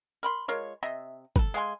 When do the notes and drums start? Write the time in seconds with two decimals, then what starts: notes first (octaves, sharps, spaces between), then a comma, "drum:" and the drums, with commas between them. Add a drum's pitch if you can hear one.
0.23 A#4 B5 C6
0.48 G#3 F4 A#4 C#5
0.83 C3 D#5 E5
1.36 A4 B4, drum: kick
1.54 G#3 F5 G#5 C6